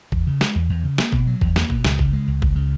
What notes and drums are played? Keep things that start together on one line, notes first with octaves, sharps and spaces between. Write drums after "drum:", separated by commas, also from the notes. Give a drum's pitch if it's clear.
E2, drum: kick G1
C#3
G#3, drum: snare
E2
E2
C#3
A#3, drum: snare
B2, drum: kick G1
F#3
E2, drum: kick G1
A#3, drum: snare
B2, drum: kick G1
C#2, drum: snare
C#3, drum: kick G1
G#3
C#2
C#2, drum: kick G1
C#3